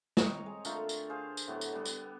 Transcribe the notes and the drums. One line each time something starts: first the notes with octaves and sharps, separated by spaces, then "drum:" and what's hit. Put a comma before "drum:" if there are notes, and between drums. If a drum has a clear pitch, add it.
C4 C#5 D#5 A#5, drum: snare
G#3
D3 A3 F4 A#4, drum: tambourine
drum: tambourine
G#4 C5 F5
drum: tambourine
A2 F#3 B3 G4
drum: tambourine
G3 B3
drum: tambourine